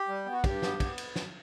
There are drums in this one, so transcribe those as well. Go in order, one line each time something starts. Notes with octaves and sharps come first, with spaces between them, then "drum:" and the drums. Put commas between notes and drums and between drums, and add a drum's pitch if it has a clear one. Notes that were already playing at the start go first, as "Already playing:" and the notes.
Already playing: G4
G3
B3
F#4
G2 G4, drum: kick, cymbal
B3, drum: snare
B3, drum: kick, cymbal
drum: cymbal
drum: snare